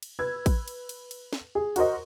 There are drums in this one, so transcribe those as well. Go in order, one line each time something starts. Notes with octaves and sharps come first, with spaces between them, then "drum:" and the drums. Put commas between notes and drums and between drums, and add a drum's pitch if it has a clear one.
drum: cymbal
B4 E6 G#6
drum: kick A1, cymbal
drum: cymbal
drum: cymbal
drum: cymbal
drum: snare
G#4
F#4 A#4 C5 D#5, drum: cymbal